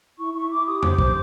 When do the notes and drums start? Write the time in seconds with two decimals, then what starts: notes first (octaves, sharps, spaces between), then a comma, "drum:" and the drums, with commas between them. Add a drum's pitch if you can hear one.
0.18 E4 C#6
0.34 E4 C#6
0.50 E4 D6
0.66 G4 D#6
0.83 C5 D6, drum: tom
0.98 C5, drum: kick